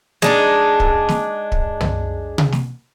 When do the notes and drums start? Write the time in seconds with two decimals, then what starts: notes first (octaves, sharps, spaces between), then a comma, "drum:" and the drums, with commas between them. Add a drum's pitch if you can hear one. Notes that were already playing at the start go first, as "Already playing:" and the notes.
0.22 G#3 D4 D#4, drum: snare
0.80 drum: kick
1.09 drum: snare
1.52 drum: kick
1.81 drum: tom
2.38 drum: tom C3
2.52 drum: snare